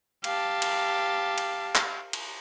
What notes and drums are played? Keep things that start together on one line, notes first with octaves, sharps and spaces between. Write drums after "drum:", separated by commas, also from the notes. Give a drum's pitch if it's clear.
G4 F5 A5, drum: cymbal
drum: cymbal
drum: cymbal
drum: clap
drum: cymbal